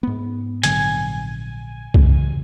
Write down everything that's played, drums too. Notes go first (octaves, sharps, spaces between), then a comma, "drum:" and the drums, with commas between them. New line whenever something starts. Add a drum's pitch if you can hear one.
G#2 B3
A#1 D3 F#3 G#5, drum: hi-hat
F#2 C#3 E3, drum: kick C2